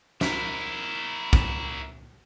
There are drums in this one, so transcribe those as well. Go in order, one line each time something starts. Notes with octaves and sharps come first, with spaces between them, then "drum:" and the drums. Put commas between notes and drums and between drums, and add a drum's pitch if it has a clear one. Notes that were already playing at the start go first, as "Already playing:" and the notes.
E4 A#4, drum: snare
drum: kick